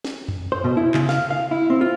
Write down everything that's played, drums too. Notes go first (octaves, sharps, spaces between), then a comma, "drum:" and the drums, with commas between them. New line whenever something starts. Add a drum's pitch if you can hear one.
drum: snare
drum: tom F2
C5
B2
E4
C#3, drum: clap
F5, drum: snare
F5
E4
C4
F4